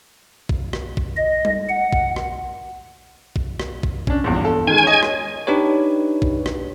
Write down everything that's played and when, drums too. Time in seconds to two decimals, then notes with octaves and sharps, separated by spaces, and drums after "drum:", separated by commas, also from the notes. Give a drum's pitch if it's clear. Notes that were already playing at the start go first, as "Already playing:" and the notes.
0.49 drum: kick
0.73 drum: rim click
0.97 drum: kick
1.16 D#5
1.45 drum: tom G3
1.69 F#5
1.93 drum: kick
2.16 drum: rim click
3.36 drum: kick
3.60 drum: rim click
3.83 drum: kick
4.07 C#4 D4, drum: kick
4.24 A#1 E2 G2
4.45 A4
4.67 D#3 G#3 G#5
4.83 C#5 D#5
5.03 drum: rim click
5.47 D4 D#4 G4 B4 C#5
6.22 drum: kick
6.46 drum: rim click